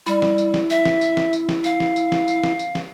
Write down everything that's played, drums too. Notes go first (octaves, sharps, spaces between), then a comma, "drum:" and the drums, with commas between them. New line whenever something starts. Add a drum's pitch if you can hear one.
G3 E4, drum: tambourine
drum: snare
drum: tambourine
drum: snare
E5, drum: tambourine
drum: snare
drum: tambourine
drum: snare
drum: tambourine
drum: snare
F5, drum: tambourine
drum: snare
drum: tambourine
drum: snare
drum: tambourine
drum: snare
drum: tambourine
drum: snare